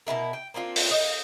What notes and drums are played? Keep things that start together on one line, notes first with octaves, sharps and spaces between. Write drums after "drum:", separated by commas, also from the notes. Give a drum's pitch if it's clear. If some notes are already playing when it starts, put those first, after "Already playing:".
B2 E3 E4 A#4
G5
A#3 C4 D4 F4
drum: open hi-hat
D#5